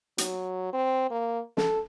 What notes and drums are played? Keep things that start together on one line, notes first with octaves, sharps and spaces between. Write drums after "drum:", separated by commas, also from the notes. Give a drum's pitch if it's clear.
F#3, drum: hi-hat
C4
A#3
A4, drum: snare